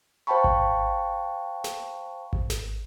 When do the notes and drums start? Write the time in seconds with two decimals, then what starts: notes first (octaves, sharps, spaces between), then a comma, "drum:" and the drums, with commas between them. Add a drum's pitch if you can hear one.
0.27 C5 F5 G5 A5 B5 C#6
0.44 drum: kick G#1
1.64 drum: snare
2.33 drum: kick G#1
2.50 drum: snare